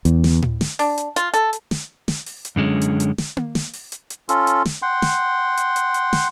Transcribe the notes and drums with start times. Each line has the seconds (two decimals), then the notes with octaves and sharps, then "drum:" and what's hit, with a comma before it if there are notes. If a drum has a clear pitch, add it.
0.05 E2, drum: hi-hat
0.24 drum: snare
0.42 drum: tom A2
0.61 drum: snare
0.79 D4, drum: open hi-hat
0.98 drum: hi-hat
1.16 F4, drum: hi-hat
1.34 A4, drum: hi-hat
1.53 drum: hi-hat
1.71 drum: snare
2.08 drum: snare
2.26 drum: open hi-hat
2.45 drum: hi-hat
2.56 F#2 D3 G#3 C#4
2.82 drum: hi-hat
3.00 drum: hi-hat
3.18 drum: snare
3.37 drum: tom A#3
3.55 drum: snare
3.73 drum: open hi-hat
3.92 drum: hi-hat
4.10 drum: hi-hat
4.29 C#4 F4 A4, drum: hi-hat
4.47 drum: hi-hat
4.65 drum: snare
4.82 F#5 G5 C6
5.02 drum: snare
5.57 drum: hi-hat
5.76 drum: hi-hat
5.94 drum: hi-hat
6.13 drum: snare